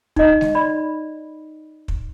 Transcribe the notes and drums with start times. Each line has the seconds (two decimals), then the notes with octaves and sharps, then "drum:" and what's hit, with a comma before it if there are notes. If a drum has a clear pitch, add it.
0.16 D#4 D#5, drum: kick
0.41 drum: snare G#3
0.55 D5 B5
1.88 drum: kick